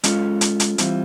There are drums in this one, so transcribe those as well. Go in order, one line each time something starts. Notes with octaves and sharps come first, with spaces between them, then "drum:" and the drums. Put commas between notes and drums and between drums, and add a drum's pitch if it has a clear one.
G#3 C#4 F4 A4, drum: hi-hat
drum: hi-hat
drum: hi-hat
E3 G3 C4 F4, drum: hi-hat